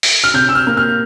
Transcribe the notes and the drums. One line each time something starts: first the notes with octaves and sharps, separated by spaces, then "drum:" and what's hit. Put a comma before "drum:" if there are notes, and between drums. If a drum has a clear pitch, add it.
drum: open hi-hat
F6
C3 G6
E6
F6
A#3
F6